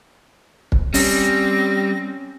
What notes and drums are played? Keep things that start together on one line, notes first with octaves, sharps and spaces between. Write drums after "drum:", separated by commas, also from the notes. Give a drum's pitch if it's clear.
drum: kick
G3 C4 C#4 A#6, drum: open hi-hat